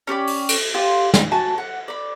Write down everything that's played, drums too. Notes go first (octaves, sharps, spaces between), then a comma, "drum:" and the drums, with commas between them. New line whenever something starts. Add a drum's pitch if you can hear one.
C#4 G4 D5 B5
drum: open hi-hat
drum: cymbal
F4 G4 C5
drum: snare
F#4 G#5 A5
F#5
D5 B5